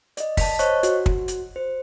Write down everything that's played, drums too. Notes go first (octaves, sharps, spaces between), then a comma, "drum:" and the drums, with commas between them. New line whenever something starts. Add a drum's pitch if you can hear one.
D5 D#5, drum: hi-hat
A5 B6, drum: kick, open hi-hat
C5 C#5 D#5 C#6 F#6, drum: hi-hat
F#4, drum: hi-hat
drum: kick
drum: hi-hat
C5